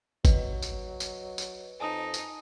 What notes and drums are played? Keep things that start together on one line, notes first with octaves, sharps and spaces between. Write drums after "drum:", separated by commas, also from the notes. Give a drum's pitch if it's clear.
F#3 B4 D#5, drum: kick G#1, tambourine
drum: tambourine
drum: tambourine
drum: tambourine
F2 D#4 G#5 A5 D#6
drum: tambourine